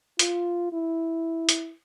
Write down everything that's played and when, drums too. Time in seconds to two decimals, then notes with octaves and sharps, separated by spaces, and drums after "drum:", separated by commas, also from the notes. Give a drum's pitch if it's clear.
0.19 F4, drum: hi-hat
0.72 E4
1.49 drum: hi-hat